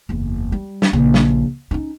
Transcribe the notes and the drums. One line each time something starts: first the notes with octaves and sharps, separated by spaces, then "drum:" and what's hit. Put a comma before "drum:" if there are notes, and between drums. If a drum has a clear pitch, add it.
F#1 E2
G3
drum: snare
A#1 C#3
drum: snare
C#4 D#4